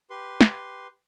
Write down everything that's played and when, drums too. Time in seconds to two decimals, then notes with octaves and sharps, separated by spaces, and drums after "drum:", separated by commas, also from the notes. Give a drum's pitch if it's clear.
0.10 G4 B4 C6
0.41 drum: snare